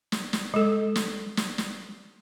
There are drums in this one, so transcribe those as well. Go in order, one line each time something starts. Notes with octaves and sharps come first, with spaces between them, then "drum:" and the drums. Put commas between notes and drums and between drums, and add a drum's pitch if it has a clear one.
drum: snare
drum: snare
G#3 A4
drum: snare
drum: snare
drum: snare